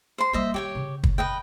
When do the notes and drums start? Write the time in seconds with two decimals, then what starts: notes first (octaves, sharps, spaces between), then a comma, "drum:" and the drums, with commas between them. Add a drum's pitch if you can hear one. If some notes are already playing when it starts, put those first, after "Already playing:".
0.18 C5 C6
0.33 G3 A#3 C5 D#5 E5
0.54 D#3 G4 C#5 G5
0.75 C#3
1.04 drum: kick
1.18 B4 D#5 G5